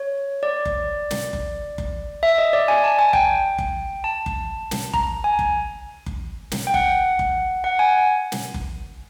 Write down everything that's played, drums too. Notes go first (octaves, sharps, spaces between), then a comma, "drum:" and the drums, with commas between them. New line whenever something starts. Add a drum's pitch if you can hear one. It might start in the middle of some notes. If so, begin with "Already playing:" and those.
Already playing: C#5
D5
drum: kick F#1
drum: snare
drum: kick F#1
drum: kick F#1
E5
D#5
D5
G#5
A5
G#5
G5, drum: kick F#1
drum: kick F#1
A5
drum: kick F#1
drum: snare
A#5, drum: kick F#1
G#5
drum: kick F#1
drum: kick F#1
drum: snare
G5
F#5, drum: kick F#1
drum: kick F#1
F#5
G#5
drum: snare
drum: kick F#1